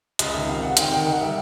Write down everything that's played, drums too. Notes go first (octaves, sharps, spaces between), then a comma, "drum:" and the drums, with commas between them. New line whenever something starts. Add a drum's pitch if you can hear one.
C#2 D#5, drum: hi-hat
D#3 E5
C3 F5
C3 F#5
D#3 G5, drum: hi-hat
D#3 G5
D#3 F#5
G3 E5